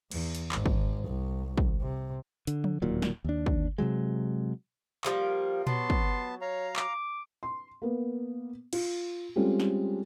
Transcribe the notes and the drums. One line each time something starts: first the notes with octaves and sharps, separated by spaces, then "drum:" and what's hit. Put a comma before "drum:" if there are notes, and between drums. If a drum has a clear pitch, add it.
E2, drum: cymbal
drum: hi-hat
G#1, drum: clap
drum: kick
C2
drum: kick
C3
D3, drum: hi-hat
drum: tom F3
D1 D#2 A#2 F#3
drum: snare
D#2 D4
drum: kick
C3 E3 F#3 G#3
F3 G3 A#3 F4, drum: clap
F#3 B3 A5 C6, drum: tom A#2
drum: kick
C#5 F5 A#5
D6, drum: clap
C6
A#3 B3
F4, drum: cymbal
G3 G#3 C4 C#4 F4 A4
drum: snare